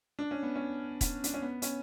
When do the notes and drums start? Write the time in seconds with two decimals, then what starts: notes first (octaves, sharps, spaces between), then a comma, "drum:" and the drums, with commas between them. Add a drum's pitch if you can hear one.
0.19 D4
0.31 C#4
0.43 B3
0.56 C#4
1.01 drum: kick E1, hi-hat
1.24 D4, drum: hi-hat
1.34 C#4
1.42 B3
1.62 C#4, drum: hi-hat